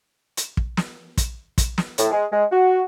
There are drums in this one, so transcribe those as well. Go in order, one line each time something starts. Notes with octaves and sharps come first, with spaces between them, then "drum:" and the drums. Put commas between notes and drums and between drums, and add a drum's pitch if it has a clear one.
drum: hi-hat
drum: kick
drum: snare
drum: kick, hi-hat
drum: kick, hi-hat
drum: snare
A2, drum: hi-hat
G#3
G#3
F#4